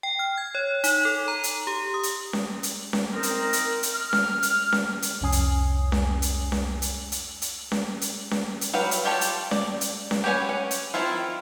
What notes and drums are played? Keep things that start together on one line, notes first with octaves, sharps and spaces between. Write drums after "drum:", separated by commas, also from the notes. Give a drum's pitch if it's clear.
G5
F6
G#6
C#5
D#4, drum: hi-hat
A4
A#5
drum: hi-hat
G4
D#6
drum: hi-hat
drum: snare C#4
drum: hi-hat
drum: snare C#4
C4 D#4 A#4
drum: hi-hat
drum: hi-hat
drum: hi-hat
F6
drum: snare C#4
drum: hi-hat
drum: snare C#4
drum: hi-hat
C2 F2 C#4 G#5 D#6 C7
drum: hi-hat
drum: snare C#4
drum: hi-hat
drum: snare C#4
drum: hi-hat
drum: hi-hat
drum: hi-hat
drum: snare C#4
drum: hi-hat
drum: snare C#4
drum: hi-hat
F#3 G3 B4 F5 G5
drum: hi-hat
F4 G4 C#5 G5 A5
drum: hi-hat
D5, drum: snare C#4
drum: hi-hat
drum: snare C#4
G4 B4 C#5 F#5 G#5
C#4
drum: hi-hat
D#3 F3 C4 E4 F4